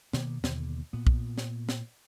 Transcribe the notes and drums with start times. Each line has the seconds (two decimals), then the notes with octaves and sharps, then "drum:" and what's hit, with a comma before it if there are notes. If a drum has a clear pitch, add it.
0.13 B2 D#3 A#3 B3, drum: snare
0.44 D#2 B2 D3, drum: snare
0.93 A#2 B3
1.07 drum: kick
1.38 drum: snare
1.69 drum: snare